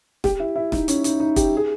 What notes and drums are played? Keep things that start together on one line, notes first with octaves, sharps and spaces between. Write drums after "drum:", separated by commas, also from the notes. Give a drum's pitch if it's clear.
G4, drum: snare
E4
E4
D#4, drum: snare
C#4, drum: hi-hat
D#4, drum: hi-hat
D#4
G4, drum: kick, hi-hat
G#4